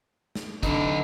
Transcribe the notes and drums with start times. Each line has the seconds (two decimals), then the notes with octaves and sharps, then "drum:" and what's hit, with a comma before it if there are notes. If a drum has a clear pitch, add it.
0.35 drum: snare
0.63 D3 D#4 B4, drum: kick, hi-hat